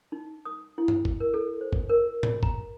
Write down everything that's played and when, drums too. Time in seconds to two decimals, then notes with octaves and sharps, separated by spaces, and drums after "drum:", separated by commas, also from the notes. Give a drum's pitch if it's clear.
0.12 D#4
0.45 D#6
0.78 E4
0.88 drum: tom G2
1.05 drum: kick G1
1.20 A#4
1.34 A4
1.61 C5
1.73 drum: kick G1
1.89 A#4
2.23 drum: tom A2
2.43 A#5, drum: kick G1